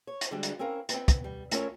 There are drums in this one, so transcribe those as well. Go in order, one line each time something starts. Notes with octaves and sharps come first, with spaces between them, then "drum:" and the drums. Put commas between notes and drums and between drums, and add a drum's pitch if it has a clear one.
C#5
drum: hi-hat
D3 G3 G#3 D4 F#4
drum: hi-hat
C4 C#4 E4 A#4 F5
B3 C4, drum: hi-hat
drum: kick, hi-hat
G3
A3 C#4 F4 A#4 C#5 E5, drum: hi-hat